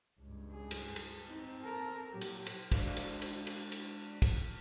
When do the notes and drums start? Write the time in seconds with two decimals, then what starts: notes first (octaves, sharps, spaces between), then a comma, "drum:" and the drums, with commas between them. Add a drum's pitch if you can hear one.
0.20 C#2 G2
0.52 G#4
0.71 drum: cymbal
0.96 drum: cymbal
1.28 C4 D#4
1.63 A4 A#4
2.11 A#2 F#3 G4
2.21 drum: cymbal
2.46 drum: cymbal
2.72 G#3 D4 F#4 C5 D5 F5, drum: kick, cymbal
2.97 drum: cymbal
3.22 drum: cymbal
3.47 drum: cymbal
3.72 drum: cymbal
4.22 drum: kick, cymbal